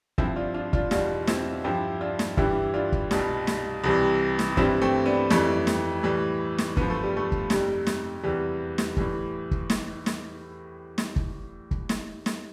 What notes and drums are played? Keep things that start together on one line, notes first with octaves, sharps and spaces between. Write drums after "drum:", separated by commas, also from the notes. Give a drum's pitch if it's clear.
G2 F3 C4 E4, drum: kick
D4 F4
D4 F4
D4 F4, drum: kick
E2 B2 G3 D4 F4, drum: snare
C4 E4, drum: snare
G2 F3 E4 G4
D4 F4
drum: snare
G2 E3 G3 E4 G4, drum: kick
D4 F4
drum: kick
C2 B2 G3, drum: snare
drum: snare
C2 C3 E3 G3
drum: snare
G2 E3 G3 C4 E4, drum: kick
A3 C4
B3 D4
F2 E3 G3 A3, drum: snare
drum: snare
A2 E3 G3
drum: snare
G2 F3 B3, drum: kick
A3
G3
A3
drum: kick
F2 C3 G3, drum: snare
drum: snare
E2 C3 E3 G3
drum: snare
A2 E3 G3, drum: kick
drum: kick
drum: snare
drum: snare
drum: snare
drum: kick
drum: kick
drum: snare
drum: snare